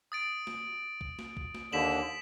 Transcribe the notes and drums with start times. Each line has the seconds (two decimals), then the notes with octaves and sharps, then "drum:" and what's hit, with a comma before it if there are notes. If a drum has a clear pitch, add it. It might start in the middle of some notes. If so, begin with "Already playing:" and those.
0.12 D#6 A6 D7
0.47 drum: snare
1.01 drum: kick
1.19 drum: snare
1.37 drum: kick
1.55 drum: snare
1.72 D#2 D3 B6 E7 F#7